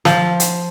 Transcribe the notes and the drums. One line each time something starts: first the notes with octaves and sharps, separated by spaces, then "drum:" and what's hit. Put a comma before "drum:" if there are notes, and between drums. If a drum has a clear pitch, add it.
F3, drum: snare
drum: hi-hat